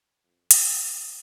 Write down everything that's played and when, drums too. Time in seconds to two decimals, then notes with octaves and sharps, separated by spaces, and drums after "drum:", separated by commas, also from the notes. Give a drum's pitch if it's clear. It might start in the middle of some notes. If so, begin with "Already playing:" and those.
0.24 F2
0.51 drum: hi-hat
0.60 C#3 D4